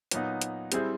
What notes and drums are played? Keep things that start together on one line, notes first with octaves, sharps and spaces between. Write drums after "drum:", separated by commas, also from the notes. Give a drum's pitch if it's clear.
A#2 F#3 B3 D#4, drum: hi-hat
drum: hi-hat
G3 C4 E4 G#4 C5, drum: hi-hat